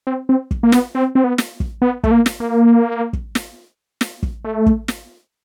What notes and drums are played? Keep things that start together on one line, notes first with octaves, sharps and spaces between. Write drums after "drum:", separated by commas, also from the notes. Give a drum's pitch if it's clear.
C4
C4
drum: kick
A#3
B3, drum: snare
C4
C4
B3
drum: snare
drum: kick
B3
A3, drum: kick
A#3
drum: snare
A#3
drum: kick
drum: snare
drum: snare
drum: kick
A3
drum: kick
drum: snare